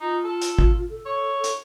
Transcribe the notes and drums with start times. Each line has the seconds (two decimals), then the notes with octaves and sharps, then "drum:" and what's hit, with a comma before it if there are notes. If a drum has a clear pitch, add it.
0.01 D#4 F4
0.24 A4
0.41 drum: hi-hat
0.59 drum: kick G#1
0.90 A4
1.06 C#5
1.44 drum: hi-hat